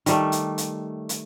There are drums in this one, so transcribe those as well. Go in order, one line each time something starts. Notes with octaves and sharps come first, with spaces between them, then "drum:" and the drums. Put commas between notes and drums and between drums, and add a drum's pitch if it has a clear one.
D#3 G3 A3, drum: hi-hat
drum: hi-hat
drum: hi-hat
drum: hi-hat